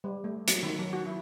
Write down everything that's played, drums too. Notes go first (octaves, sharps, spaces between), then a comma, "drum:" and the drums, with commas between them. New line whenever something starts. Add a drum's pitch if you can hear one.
G3
A3
F#3, drum: hi-hat
D#3
F#3
F#4
E4